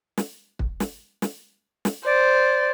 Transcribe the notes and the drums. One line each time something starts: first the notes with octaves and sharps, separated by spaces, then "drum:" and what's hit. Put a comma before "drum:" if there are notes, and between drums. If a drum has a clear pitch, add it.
drum: snare
drum: kick
drum: snare
drum: snare
drum: snare
C5 D5